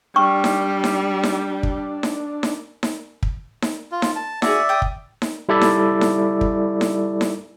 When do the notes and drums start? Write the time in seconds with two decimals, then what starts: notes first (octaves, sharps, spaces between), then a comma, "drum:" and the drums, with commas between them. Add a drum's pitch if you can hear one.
0.16 G3 D4 G5 C#6 E6 F6
0.44 drum: snare D#4
0.84 drum: snare D#4
1.23 drum: snare D#4
1.63 drum: kick
2.03 drum: snare D#4
2.43 drum: snare D#4
2.83 drum: snare D#4
3.23 drum: kick
3.62 drum: snare D#4
3.92 F4
4.02 drum: snare D#4
4.16 A5
4.42 F#4 G#4 D5 E5, drum: snare D#4
4.69 G5 D#6
4.82 drum: kick
5.22 drum: snare D#4
5.49 G3 E4 A4 D5 E5
5.61 drum: snare D#4
6.01 drum: snare D#4
6.41 drum: kick
6.81 drum: snare D#4
7.21 drum: snare D#4